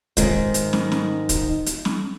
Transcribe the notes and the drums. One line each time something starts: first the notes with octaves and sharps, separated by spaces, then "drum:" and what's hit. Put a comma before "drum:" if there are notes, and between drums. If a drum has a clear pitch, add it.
G#2 D#3, drum: kick, hi-hat
drum: hi-hat
drum: snare
drum: snare
drum: kick, hi-hat
drum: hi-hat
drum: snare